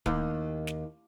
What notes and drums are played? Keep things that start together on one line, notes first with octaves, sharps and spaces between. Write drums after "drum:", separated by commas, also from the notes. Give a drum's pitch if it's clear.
D#2, drum: kick D1
drum: snare